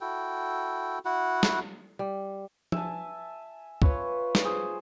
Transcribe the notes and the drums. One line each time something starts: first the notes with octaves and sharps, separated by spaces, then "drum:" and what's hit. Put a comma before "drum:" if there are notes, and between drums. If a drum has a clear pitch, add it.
E4 F#4 A4 G5
E4 F#4 F#5
drum: snare
G3
E5 G#5 A5, drum: tom F3
F4 B4 C#5, drum: kick C#2
drum: snare
G#4 C5